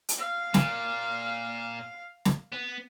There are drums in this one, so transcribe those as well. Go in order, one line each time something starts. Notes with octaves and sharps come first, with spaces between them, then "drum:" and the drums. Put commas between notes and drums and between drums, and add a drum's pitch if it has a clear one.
drum: hi-hat
F5
A#2, drum: snare
drum: snare
B3